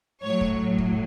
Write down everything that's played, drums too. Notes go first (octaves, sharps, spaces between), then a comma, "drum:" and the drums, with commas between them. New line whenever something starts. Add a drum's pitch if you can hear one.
A2 F#3 C#5
drum: kick
drum: kick